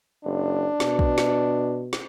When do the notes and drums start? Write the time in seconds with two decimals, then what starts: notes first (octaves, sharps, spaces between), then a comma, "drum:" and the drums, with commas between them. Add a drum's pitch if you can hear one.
0.25 F#1 D4
0.80 B2, drum: snare
0.99 drum: kick
1.18 drum: snare
1.93 drum: snare